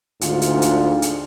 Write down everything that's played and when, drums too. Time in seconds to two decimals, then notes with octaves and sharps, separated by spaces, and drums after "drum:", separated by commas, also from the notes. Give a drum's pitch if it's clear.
0.21 D2 G#2 D3 F4, drum: hi-hat
0.42 drum: hi-hat
0.62 drum: hi-hat
1.02 drum: hi-hat